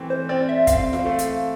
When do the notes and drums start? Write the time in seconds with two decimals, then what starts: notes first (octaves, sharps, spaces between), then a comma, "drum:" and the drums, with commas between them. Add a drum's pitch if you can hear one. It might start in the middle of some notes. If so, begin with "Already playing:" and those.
Already playing: E3 A3 C4
0.10 C5
0.29 C4 D5
0.49 E5
0.67 C4 F5, drum: kick, hi-hat
0.93 drum: snare F4
1.05 A3
1.19 drum: hi-hat